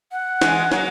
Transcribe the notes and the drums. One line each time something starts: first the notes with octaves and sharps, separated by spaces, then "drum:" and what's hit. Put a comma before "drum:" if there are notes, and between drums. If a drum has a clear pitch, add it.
F#5
E3 G#3, drum: snare
F#3 A#3, drum: snare